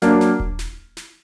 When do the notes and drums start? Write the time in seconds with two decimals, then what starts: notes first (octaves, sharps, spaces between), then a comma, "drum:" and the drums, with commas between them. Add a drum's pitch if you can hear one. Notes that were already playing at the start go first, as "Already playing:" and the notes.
0.02 F#3 A#3 D4, drum: snare
0.21 drum: snare
0.40 drum: kick D#1
0.59 drum: snare
0.97 drum: snare